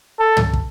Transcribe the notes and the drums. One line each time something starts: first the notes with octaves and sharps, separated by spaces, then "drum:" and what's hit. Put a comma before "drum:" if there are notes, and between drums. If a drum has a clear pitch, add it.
A4
drum: tom
drum: kick